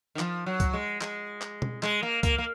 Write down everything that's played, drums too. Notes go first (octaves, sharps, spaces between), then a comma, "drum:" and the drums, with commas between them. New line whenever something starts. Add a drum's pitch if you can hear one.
D#3
F3, drum: clap
F#3
drum: kick C#2, hi-hat
G#3
G#3, drum: clap
drum: clap
drum: tom B2
G#3, drum: clap
A#3
A#3, drum: kick C#2, hi-hat
A#3